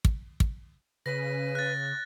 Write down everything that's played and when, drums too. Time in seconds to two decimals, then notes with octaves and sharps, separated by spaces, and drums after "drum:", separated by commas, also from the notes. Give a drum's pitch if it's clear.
0.05 drum: kick
0.40 drum: kick
1.06 C#3 B4 A#6
1.55 F#6 A6